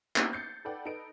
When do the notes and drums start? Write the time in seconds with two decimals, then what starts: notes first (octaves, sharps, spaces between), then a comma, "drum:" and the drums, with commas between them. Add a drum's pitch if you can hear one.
0.16 A#3 B3 C#4 D#4 E4 G4, drum: clap
0.33 G6 A6 C7 C#7
0.65 A4 B4 D5 F#5 G5
0.85 D#4 A4 B4 D7